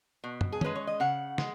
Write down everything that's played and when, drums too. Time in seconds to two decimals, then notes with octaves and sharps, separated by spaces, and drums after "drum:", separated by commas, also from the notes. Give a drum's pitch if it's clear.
0.24 B2
0.41 drum: tom
0.52 G#4
0.61 G#3 C#4 B4, drum: tom
0.75 C#5
0.87 D#5
1.00 C#3 F#5
1.38 G#3, drum: snare